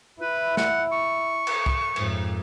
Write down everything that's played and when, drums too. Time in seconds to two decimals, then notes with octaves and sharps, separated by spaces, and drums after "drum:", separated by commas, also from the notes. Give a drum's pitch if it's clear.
0.21 E4 B4
0.57 F#5, drum: snare
0.92 C#6
1.47 drum: cymbal
1.66 drum: kick C2
1.96 F2 G#2, drum: cymbal